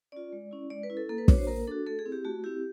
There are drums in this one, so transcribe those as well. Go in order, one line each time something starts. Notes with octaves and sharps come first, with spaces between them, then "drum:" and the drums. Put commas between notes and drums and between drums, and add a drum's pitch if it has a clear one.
C#4 F4 D5
G#3
C#4 E4
G#3 D5
B4
C#4 E4
A4
A#3 A4
B4
D4 F#4 C#5, drum: kick
C5
A#3 A#4
D4 F#4 A4
A3 A4
G#4
C4 E4
G4
A3 F#4
C4 E4 G4